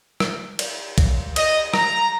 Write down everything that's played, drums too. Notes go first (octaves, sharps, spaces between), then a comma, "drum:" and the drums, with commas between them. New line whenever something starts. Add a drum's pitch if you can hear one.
drum: rim click
drum: cymbal
drum: kick B1, cymbal
D#5, drum: cymbal
A#5, drum: rim click